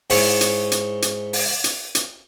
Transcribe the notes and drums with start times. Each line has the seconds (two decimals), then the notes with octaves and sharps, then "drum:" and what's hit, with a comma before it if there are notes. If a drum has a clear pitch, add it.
0.10 G#2 E4 C#5 C#6, drum: open hi-hat
0.41 drum: hi-hat
0.72 drum: hi-hat
1.02 drum: hi-hat
1.33 drum: open hi-hat
1.64 drum: hi-hat
1.95 drum: hi-hat